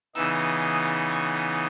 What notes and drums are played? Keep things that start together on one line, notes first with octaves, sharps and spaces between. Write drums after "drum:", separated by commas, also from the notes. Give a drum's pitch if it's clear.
C#3 E3 B3 D#4 E6, drum: hi-hat
drum: hi-hat
D#6, drum: hi-hat
drum: hi-hat
C#6, drum: hi-hat
drum: hi-hat